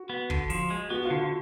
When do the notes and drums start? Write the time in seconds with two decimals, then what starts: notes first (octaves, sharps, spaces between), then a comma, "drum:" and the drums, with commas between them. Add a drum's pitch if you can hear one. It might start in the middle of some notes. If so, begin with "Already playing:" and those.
Already playing: F#4
0.10 B3
0.30 D3, drum: kick
0.50 F3, drum: open hi-hat
0.70 G#3
0.90 B3 F#4
1.05 F4
1.10 D3
1.20 F4